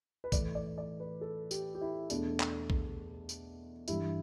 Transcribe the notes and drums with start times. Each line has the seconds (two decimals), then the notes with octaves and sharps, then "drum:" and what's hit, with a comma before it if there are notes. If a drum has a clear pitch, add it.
0.24 B4
0.32 A2 E3 A3 D5, drum: kick A#1, tambourine
0.55 D5
0.78 D5
1.00 B4
1.21 A4
1.51 G4, drum: tambourine
1.75 G4
1.81 E4
2.10 E2 B2 A3 D4, drum: tambourine
2.40 drum: clap
2.70 drum: kick A#1
3.29 drum: tambourine
3.88 G2 E3 G3 E4, drum: tambourine